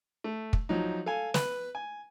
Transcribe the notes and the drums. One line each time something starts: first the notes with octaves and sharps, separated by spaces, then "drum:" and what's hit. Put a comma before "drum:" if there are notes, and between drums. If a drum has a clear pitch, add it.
A3
drum: kick
F3 F#3 D#4
A4 F5 G#5
B4, drum: snare
G#5